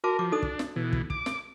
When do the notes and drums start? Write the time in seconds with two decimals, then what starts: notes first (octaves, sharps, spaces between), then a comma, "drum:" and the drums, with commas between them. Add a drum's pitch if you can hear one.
0.04 F#4 A#4 A5 D6
0.19 F3 D6
0.32 D4 D#4 A4 D#6
0.42 drum: kick
0.59 drum: snare
0.76 B2 E3
0.93 drum: kick
1.10 D6, drum: kick
1.26 drum: snare